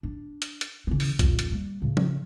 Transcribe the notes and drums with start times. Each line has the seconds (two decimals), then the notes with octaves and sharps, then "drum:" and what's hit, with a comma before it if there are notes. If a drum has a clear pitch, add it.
0.03 D4
0.42 drum: hi-hat
0.61 drum: hi-hat
0.87 C#3 E3
1.00 drum: open hi-hat
1.19 D#1 F2, drum: kick, hi-hat
1.39 drum: hi-hat
1.51 G3 A#3
1.82 A2 C#3
1.97 drum: tom F3